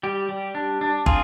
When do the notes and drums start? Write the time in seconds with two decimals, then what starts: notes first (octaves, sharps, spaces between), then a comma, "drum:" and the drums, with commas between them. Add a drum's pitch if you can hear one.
0.03 G3 G4
0.29 G3
0.55 D4
0.81 D4
1.06 C4 F4 G#4, drum: kick